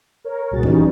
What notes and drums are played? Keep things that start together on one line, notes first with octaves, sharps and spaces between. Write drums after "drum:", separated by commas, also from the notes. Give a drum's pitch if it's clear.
A#4 C#5
C2 A#2 G3 F#4 G#4 A6
E3 G3 C#4 D#4 C#5, drum: kick C2